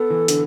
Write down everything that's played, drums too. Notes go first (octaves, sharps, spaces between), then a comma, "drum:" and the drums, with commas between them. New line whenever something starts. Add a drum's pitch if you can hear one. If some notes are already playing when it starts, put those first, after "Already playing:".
Already playing: B3 A4
E3
D3, drum: hi-hat